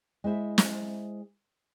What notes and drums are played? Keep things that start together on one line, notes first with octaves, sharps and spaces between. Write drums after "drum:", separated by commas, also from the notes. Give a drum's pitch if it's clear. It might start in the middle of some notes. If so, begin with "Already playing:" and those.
G#3 E4 C5 E5
drum: snare